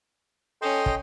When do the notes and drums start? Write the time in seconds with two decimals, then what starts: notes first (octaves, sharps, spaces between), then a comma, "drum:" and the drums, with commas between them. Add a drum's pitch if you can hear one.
0.62 C#4 A4 D#5 G5 C6
0.86 drum: kick